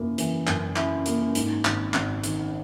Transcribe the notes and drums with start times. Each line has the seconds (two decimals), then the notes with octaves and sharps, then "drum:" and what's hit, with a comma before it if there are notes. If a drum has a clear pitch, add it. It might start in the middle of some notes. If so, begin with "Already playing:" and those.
Already playing: F#2 A#3 E4
0.18 E3, drum: hi-hat
0.47 F#2, drum: clap
0.76 E4, drum: clap
1.06 A#3, drum: hi-hat
1.35 G#2, drum: hi-hat
1.65 G#1, drum: clap
1.94 G#1, drum: clap
2.24 D#3, drum: hi-hat